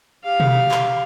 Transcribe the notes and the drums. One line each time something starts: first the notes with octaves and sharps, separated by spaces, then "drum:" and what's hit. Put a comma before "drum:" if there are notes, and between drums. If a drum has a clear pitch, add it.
G4 F5
drum: tom B2
drum: clap